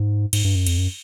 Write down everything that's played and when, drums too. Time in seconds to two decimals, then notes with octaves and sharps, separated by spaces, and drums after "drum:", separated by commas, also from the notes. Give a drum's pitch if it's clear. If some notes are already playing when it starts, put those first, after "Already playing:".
Already playing: G#2
0.33 G#2, drum: cymbal
0.45 G2
0.55 F#2
0.67 F2, drum: cymbal
0.78 F#2